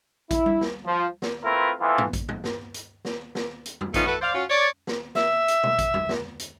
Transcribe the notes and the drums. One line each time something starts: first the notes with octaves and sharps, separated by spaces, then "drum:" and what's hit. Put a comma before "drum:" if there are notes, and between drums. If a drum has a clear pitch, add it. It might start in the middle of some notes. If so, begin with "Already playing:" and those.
E4, drum: kick A1, hi-hat
drum: tom G3
drum: snare
F3
drum: snare
A3 C4 E4 F4 A#4 B4
F2 E3 A3 B3 F4
drum: tom G2
drum: kick A1, hi-hat
drum: tom G2
drum: snare
drum: hi-hat
drum: snare
drum: snare
drum: hi-hat
drum: tom
F3 A3 B3 C#4 D#4 F4, drum: kick A1, hi-hat
E4 F#4 A4 B4
C5 D5 F5
C#4 F4 F#4
C#5 D5
drum: snare
E5, drum: snare
drum: hi-hat
drum: tom B2
drum: kick A1, hi-hat
drum: tom
drum: snare
drum: hi-hat